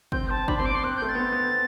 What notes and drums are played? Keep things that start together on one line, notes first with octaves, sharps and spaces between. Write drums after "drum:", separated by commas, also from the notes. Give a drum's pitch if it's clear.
C4 G6, drum: kick
C4 A5
D4 B5, drum: kick
C4 C6
D6
C4
C6
C4 F#6
G6
A3
A6
B3
C4
B3